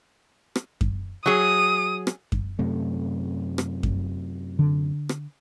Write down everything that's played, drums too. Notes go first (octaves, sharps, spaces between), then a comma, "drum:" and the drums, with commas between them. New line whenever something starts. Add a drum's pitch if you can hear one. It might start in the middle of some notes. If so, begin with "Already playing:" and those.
drum: rim click
drum: kick F#2
F#3 G#4 D#6
drum: rim click
drum: kick F#2
F#2 C3 A3
drum: rim click
drum: kick F#2
D3
drum: rim click